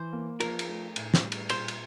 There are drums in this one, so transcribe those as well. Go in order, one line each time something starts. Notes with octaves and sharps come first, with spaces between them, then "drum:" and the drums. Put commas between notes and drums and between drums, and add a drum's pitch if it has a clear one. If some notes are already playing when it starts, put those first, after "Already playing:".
Already playing: E3 C5
A#3
F3 A#4, drum: cymbal
drum: cymbal
A3
A2, drum: cymbal
drum: snare
G3
drum: cymbal
A#2 C5, drum: cymbal
drum: cymbal